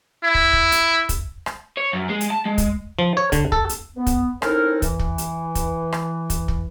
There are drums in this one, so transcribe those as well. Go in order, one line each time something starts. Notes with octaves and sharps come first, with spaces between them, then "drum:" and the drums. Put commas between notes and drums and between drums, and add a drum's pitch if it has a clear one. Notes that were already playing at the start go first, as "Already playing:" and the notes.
E4
drum: kick
drum: kick
drum: hi-hat
drum: kick, hi-hat
drum: rim click
C#5
F#2
G#3
drum: hi-hat
A5
G#3
drum: kick, hi-hat
F3
C#5
D3, drum: kick, hi-hat
A4, drum: kick
drum: hi-hat
B3
drum: kick, hi-hat
C4 C#4 D#4 E4 A4 A#4, drum: rim click
E3, drum: kick, hi-hat
drum: kick
drum: hi-hat
drum: kick, hi-hat
drum: rim click
drum: kick, hi-hat
drum: kick